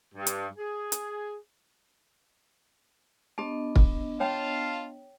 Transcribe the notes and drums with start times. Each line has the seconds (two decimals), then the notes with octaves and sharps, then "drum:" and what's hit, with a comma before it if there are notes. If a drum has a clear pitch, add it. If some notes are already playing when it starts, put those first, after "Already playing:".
0.15 G2
0.27 drum: hi-hat
0.58 G#4
0.92 drum: hi-hat
3.38 B3 D4 G4 D#5 A5
3.76 drum: kick
4.20 F4 C#5 F5 G5 A5